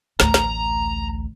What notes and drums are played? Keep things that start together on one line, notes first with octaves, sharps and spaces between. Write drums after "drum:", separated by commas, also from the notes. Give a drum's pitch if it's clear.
A1 D2 A#5, drum: snare
drum: snare